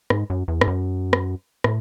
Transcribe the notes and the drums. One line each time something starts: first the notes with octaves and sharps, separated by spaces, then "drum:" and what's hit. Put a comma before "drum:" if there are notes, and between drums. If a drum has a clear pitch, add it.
G#2, drum: rim click
F#2
E2
G#2, drum: rim click
F#2
drum: rim click
A2, drum: rim click